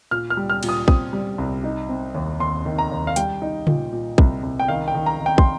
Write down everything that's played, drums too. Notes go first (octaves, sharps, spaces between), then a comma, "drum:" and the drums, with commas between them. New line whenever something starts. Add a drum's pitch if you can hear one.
A#2 F6
F6
G3
F6
A#2, drum: cymbal
D#6
C4 D#6, drum: kick
G3
C2
D#4
C4
D#2
D#2 C6
D#3
A#5
D#2
F5
G3 G5, drum: hi-hat
D#4
A#2, drum: tom C#3
A#2
C2, drum: kick
C2
G5
D#3 F5
G5
D#3
A#5
D#3
G5
C6, drum: kick